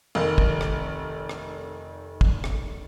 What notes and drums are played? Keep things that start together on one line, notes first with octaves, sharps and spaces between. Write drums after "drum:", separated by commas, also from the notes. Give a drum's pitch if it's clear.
F1 D#3
drum: kick
drum: rim click
drum: rim click
drum: kick
drum: rim click